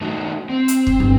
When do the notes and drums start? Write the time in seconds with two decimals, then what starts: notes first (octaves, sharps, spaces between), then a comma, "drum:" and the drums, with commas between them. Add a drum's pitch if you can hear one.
0.01 A3 D#4 F#4
0.49 C4
0.68 drum: hi-hat
0.87 drum: kick
1.00 G1